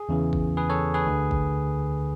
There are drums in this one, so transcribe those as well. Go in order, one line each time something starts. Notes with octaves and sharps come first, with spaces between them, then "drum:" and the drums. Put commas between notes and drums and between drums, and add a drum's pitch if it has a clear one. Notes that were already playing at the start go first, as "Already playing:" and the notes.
Already playing: G#4
E2 C#3 E3
drum: kick A1
G#4 B4
A4 C#5
G#4 B4
D2 D3
drum: kick A1